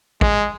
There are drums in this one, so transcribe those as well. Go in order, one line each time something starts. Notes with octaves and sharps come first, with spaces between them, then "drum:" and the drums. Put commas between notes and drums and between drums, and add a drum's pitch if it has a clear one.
G#3, drum: kick A1